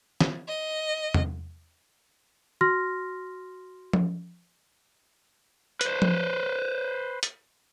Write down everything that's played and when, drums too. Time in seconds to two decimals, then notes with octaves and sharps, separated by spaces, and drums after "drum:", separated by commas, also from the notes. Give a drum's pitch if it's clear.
0.21 drum: snare
0.48 D#5
1.14 drum: tom E2
2.61 F#4 C6 F6 A#6
3.93 drum: tom F3
5.81 B4 C5, drum: hi-hat
6.02 drum: tom F3
7.23 drum: hi-hat